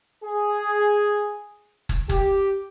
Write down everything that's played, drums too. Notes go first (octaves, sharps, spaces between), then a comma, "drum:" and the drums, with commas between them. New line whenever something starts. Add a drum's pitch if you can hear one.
G#4
drum: kick
G4, drum: kick